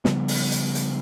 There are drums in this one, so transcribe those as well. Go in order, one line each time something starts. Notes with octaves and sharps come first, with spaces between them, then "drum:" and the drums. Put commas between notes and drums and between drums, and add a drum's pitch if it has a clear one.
C#3 F3 G3 B3, drum: snare
drum: open hi-hat
drum: hi-hat
drum: hi-hat